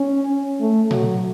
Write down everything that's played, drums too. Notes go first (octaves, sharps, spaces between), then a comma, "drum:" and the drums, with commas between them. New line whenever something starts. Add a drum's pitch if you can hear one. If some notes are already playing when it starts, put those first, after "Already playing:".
Already playing: C#4
A3
F#3, drum: tom A#2